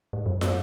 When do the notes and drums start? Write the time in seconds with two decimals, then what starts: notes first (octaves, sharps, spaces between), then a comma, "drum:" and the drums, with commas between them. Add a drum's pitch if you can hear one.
0.13 G#2
0.26 F#2
0.41 drum: snare